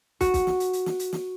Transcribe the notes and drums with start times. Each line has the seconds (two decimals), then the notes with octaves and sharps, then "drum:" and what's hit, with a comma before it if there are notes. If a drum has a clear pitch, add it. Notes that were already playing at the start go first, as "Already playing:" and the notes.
0.21 F#4, drum: kick, hi-hat
0.34 drum: kick, hi-hat
0.47 drum: snare
0.60 drum: hi-hat
0.73 drum: hi-hat
0.86 drum: snare
0.99 drum: hi-hat
1.13 drum: snare